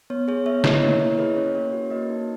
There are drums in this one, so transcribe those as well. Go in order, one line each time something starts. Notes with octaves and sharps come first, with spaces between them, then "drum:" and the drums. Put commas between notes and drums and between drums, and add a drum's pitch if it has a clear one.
B3 C#5
G#4 C#5
B3 C#5 E5
E4 B4 D#5, drum: snare
A#3 C#5
E4 C#5
G#4 B4 D#5
C#4 C#5
A#3 C#5
F#4
A#3 B4 D#5
D#4